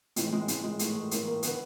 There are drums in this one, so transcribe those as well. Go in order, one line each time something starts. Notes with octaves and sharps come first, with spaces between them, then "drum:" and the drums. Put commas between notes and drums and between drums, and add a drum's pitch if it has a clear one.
A2 E3 G#3, drum: hi-hat
G#3
A2 E3 G#3, drum: hi-hat
G#3
A2 E3 A3, drum: hi-hat
A3
A2 E3 A#3, drum: hi-hat
A#3
D3 B3, drum: hi-hat